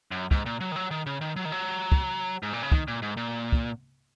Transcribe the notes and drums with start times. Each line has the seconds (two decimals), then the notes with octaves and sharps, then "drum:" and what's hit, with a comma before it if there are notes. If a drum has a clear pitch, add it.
0.11 F#2
0.31 G#2, drum: kick
0.46 A#2
0.60 F#3
0.72 D#3
0.76 F#3
0.91 D#3
1.06 C#3
1.21 D#3
1.36 F#3
1.45 D#3
1.52 F#3
1.92 drum: kick
2.43 G#2
2.53 A#2
2.63 C#3
2.72 D#3, drum: kick
2.88 A#2
3.02 G#2
3.17 A#2
3.52 drum: kick